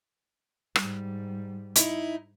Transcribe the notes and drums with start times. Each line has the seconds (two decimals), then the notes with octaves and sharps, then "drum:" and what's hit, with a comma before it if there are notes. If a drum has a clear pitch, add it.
0.76 G#2 G3, drum: rim click
1.76 D#4 E4, drum: hi-hat